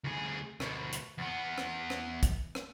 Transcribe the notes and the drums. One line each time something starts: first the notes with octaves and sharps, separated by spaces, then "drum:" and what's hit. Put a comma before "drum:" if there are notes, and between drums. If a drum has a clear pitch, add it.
D2 G#4
D2 B2, drum: rim click
drum: hi-hat
E2 B3
drum: rim click
drum: rim click
drum: kick, hi-hat
drum: rim click